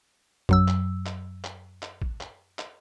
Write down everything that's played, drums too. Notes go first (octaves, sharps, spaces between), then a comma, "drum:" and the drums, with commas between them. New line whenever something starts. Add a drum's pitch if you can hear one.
F#2 F#3 E6, drum: kick A1
drum: clap
drum: clap
drum: clap
drum: clap
drum: kick A1
drum: clap
drum: clap